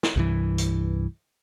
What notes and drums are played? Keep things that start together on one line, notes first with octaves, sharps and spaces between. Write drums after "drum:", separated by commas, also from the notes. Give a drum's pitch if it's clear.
drum: snare
C2 G2 E3
drum: hi-hat